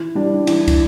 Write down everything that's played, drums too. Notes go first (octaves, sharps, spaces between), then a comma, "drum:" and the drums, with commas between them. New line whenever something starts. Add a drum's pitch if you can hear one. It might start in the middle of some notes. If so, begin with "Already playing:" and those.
Already playing: E3
G3 D4
E3, drum: cymbal
drum: kick, cymbal